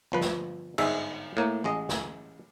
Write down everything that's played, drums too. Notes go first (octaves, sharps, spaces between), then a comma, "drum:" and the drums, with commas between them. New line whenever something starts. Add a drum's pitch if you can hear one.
G1 F3 B4
drum: snare
G1 G#2 G#3 E5, drum: cymbal
A2 A#3
A1 G#3 D#5
drum: snare